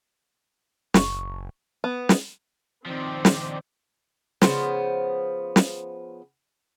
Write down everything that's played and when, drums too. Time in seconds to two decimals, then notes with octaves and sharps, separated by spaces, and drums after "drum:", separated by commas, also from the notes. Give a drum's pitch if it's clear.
0.94 F#1 C#6, drum: snare
1.84 B3
2.09 drum: snare
2.86 D#3 F3 C4 D5
3.25 drum: snare
4.42 C#3 F3 B3 C5, drum: snare
5.56 drum: snare